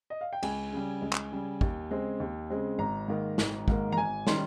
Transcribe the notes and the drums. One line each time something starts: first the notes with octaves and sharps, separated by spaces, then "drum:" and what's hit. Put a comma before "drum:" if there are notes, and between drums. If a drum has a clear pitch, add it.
D#5
F5
G5
C#2 G#5, drum: cymbal
C#3 G3
C#2
drum: clap
C#3 G3
D#2, drum: kick
C#3 G#3 C4
D#2
C#3 G#3 C4
G#1 A#5
G#2 D#3 A#3
G#1, drum: snare
G#2 D#3 A#3, drum: kick
A#5, drum: tom
G#1 G#5
D#3 G3 C#4 C6, drum: snare